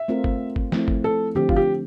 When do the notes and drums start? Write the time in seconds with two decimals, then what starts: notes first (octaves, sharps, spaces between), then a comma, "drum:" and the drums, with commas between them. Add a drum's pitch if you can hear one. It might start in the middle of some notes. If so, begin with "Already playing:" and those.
Already playing: E5
0.08 A3 C4 F4 A#4
0.24 drum: kick
0.56 drum: kick
0.72 F3 A3 C4 E4, drum: snare
0.88 drum: kick
1.04 A4
1.35 D3 F3 A3 C4 G4
1.49 F4, drum: kick
1.56 G4